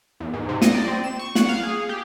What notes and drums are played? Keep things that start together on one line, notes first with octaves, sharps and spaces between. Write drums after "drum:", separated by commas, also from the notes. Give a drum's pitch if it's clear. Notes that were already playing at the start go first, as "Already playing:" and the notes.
E2
G#2
C3
D#5, drum: snare
D5
C4
E7
C#6
F#5, drum: snare
F5
G#4
G4